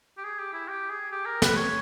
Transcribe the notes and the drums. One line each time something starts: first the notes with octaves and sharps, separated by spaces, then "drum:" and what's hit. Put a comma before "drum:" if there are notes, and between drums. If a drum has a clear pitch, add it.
G4
G#4
G4
E4
G4
G#4
G4
A#4
B4, drum: snare
C#5